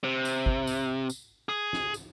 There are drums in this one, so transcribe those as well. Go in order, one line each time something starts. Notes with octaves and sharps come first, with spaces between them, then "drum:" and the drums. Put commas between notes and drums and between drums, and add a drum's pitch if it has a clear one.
C3
drum: tambourine
drum: kick
drum: tambourine
drum: tambourine
G#4
drum: snare
drum: tambourine